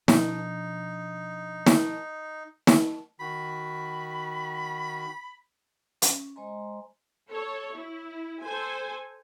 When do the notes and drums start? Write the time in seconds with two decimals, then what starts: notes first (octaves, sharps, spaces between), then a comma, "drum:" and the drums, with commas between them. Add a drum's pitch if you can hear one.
0.08 B2 F3 D4 D#4, drum: snare
1.66 drum: snare
2.67 drum: snare
3.20 D#3 F#4 B5
6.02 C#4, drum: hi-hat
6.36 G#3 C5 D#5 G#5 A#5 C6
7.31 A4 C#5
7.76 E4
8.42 A4 C5 G#5